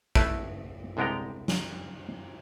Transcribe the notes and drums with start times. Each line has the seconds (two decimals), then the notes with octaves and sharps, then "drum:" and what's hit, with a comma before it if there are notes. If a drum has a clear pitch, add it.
0.15 A3 E4 B4, drum: kick
0.97 C2 D3 G#3 B3 G5 A#5
1.48 drum: snare